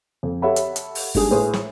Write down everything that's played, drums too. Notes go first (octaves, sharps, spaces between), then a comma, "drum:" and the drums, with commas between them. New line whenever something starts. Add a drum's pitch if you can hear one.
F2
G4 A4 C#5 E5 F#5 B5
drum: hi-hat
drum: hi-hat
drum: open hi-hat
G#2 G3 D4 G#4, drum: kick G1, open hi-hat
A2 G#4 B4 C5 D#6
drum: snare